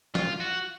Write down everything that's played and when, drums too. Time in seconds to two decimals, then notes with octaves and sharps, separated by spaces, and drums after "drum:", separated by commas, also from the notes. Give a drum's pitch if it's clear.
0.15 F4, drum: snare
0.40 F#4